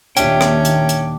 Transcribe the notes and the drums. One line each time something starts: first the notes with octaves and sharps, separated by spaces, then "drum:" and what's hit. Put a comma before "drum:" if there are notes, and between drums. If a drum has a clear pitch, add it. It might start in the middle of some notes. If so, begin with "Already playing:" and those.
D#2 A#2 D#3 C#4 D4 G4 E5 G5, drum: hi-hat
drum: rim click
drum: hi-hat
drum: hi-hat